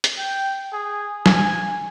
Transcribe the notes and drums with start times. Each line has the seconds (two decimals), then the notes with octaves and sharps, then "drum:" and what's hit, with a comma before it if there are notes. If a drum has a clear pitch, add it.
0.04 drum: hi-hat
0.18 G5
0.73 G#4
1.26 G#5, drum: snare